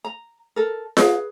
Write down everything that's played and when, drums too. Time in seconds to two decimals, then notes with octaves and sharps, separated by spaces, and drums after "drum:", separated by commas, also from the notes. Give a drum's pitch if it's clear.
0.05 A#5
0.56 A4 A#4
0.97 G#4 B4, drum: snare F4